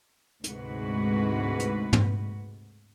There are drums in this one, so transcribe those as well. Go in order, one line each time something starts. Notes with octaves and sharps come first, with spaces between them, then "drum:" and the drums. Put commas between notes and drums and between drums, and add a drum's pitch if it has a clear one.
D2 G#2 C3 G#3 F#4 B4, drum: hi-hat
drum: hi-hat
drum: tom